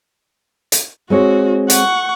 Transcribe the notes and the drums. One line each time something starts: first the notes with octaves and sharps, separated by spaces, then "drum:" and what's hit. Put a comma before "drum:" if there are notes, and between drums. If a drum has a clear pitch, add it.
drum: hi-hat
G#3 C4 F#4 C#5
F#5 C#6, drum: hi-hat